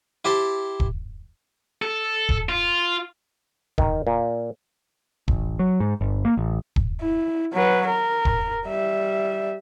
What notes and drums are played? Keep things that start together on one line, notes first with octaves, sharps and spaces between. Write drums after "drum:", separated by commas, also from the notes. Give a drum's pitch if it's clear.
E4 G4 C5 G5 A5
drum: kick
A4
drum: kick
F4
D#3, drum: kick
A#2
A1, drum: kick
F#3
G#2
G1
A#3
A1
drum: kick
E4
F#3 B4
A#4
drum: kick
G3 E5